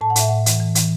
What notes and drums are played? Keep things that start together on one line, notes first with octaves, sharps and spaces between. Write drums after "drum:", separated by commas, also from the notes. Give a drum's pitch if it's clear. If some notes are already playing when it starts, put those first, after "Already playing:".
A2 A5
F#5
A2 E5, drum: hi-hat
A2 F#5
E3, drum: hi-hat
E3
E3, drum: hi-hat